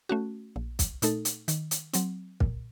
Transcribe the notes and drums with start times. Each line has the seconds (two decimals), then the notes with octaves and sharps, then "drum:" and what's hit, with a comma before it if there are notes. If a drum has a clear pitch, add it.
0.09 A3 C#4 F#4
0.56 A#1
0.79 drum: kick, hi-hat
1.02 A#2 A3 D#4 A4, drum: hi-hat
1.25 drum: hi-hat
1.48 D#3, drum: hi-hat
1.71 drum: hi-hat
1.93 F#3 C4, drum: hi-hat
2.40 A#2, drum: kick